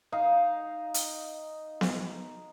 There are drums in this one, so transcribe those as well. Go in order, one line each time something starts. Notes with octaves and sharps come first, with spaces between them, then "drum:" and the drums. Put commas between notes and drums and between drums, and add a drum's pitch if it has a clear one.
D#4 F5
drum: hi-hat
drum: snare B3